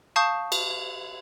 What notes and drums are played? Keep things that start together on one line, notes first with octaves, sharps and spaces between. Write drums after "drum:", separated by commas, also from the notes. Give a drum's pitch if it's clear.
F5 A5 C#6 D#6 G6 E7
drum: cymbal